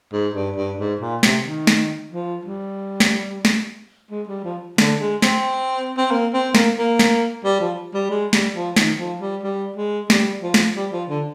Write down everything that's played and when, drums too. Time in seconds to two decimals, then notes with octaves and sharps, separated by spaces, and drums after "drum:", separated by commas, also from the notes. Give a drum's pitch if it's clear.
0.12 G#2
0.34 G2
0.56 G2
0.79 G#2
1.01 A#2
1.23 C3, drum: snare
1.46 D#3
1.67 drum: snare
2.12 F3
2.45 G3
3.00 drum: snare
3.45 drum: snare
4.11 G#3
4.28 G3
4.44 F3
4.78 D3, drum: snare
5.00 G#3
5.22 C4, drum: snare
5.97 C4
6.11 A#3
6.33 C4
6.55 A#3, drum: snare
6.78 A#3
6.99 drum: snare
7.44 G3
7.60 F3
7.94 G3
8.10 G#3
8.33 G3, drum: snare
8.55 F3
8.76 D#3, drum: snare
8.99 F3
9.21 G3
9.43 G3
9.76 G#3
10.10 G3, drum: snare
10.43 F3
10.54 drum: snare
10.76 G3
10.92 F3
11.09 D3